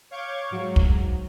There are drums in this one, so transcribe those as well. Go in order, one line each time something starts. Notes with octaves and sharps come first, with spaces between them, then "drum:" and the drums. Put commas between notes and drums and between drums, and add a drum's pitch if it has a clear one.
C#5 F5 C#6 D6 G6 G#6
G#2 F#3
drum: kick